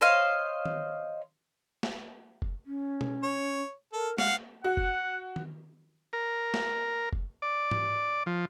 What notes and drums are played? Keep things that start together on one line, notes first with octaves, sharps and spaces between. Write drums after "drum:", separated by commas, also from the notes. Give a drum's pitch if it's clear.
C5 C#5 D#5 F5
drum: tom D#3
drum: snare
drum: kick F#1
C#4
drum: tom B2
C#5
A4 A#4
G#3 F5 F#5, drum: snare
F#4 F#5
drum: kick F#1
drum: tom D#3
A#4
drum: snare
drum: kick F#1
D5
drum: tom G#2
F3